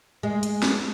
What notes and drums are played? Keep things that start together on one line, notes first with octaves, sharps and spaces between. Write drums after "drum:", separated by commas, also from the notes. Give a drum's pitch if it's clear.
G#3
drum: hi-hat
drum: snare